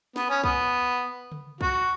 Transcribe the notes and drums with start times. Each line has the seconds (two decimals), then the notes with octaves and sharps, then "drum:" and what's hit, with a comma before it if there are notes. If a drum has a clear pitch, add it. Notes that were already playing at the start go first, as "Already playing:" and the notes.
0.16 B3, drum: snare
0.29 C#4
0.44 B3, drum: kick
1.32 drum: tom C#3
1.61 F#4, drum: kick